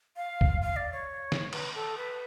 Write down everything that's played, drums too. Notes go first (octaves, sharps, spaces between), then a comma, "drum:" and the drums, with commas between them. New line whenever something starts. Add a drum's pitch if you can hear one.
F5
drum: kick
F5
D5
C#5
drum: snare
B4, drum: cymbal
A4
B4